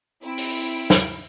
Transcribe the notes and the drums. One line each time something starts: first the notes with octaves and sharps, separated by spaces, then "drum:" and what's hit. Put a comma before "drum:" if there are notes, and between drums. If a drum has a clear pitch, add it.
C4 E4 D7
drum: open hi-hat
drum: snare